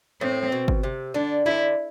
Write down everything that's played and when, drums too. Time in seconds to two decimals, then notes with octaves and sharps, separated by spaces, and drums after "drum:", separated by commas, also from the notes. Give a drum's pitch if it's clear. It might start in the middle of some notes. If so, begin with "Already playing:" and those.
0.21 A2 C4
0.52 B2
0.68 drum: kick G1
0.83 C3
1.14 D3 D4
1.46 D3 E4